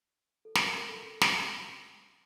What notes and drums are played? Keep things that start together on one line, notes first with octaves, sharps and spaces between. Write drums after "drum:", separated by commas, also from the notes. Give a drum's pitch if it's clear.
A4
A#4, drum: snare
A#4
A4
drum: snare